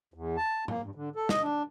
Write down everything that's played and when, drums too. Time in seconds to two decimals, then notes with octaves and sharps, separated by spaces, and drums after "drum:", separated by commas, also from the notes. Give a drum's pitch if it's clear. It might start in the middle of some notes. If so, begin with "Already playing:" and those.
0.14 E2
0.37 A5
0.68 A#3, drum: tom G#2
0.83 G2
0.95 D3
1.16 A4
1.29 D#5, drum: snare
1.42 D4